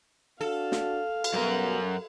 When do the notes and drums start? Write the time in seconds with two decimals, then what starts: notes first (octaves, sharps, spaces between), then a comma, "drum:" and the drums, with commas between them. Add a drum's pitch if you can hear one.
0.41 D4 F#4 A4 F5
0.72 drum: snare
1.24 drum: cymbal
1.34 F#2 B2 G3 B3 A#4